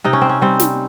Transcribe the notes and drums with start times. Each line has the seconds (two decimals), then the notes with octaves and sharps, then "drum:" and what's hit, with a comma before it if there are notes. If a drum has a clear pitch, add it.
0.04 C3 D#4
0.13 C#4
0.21 C4
0.29 C#4
0.42 G3 C4
0.60 drum: snare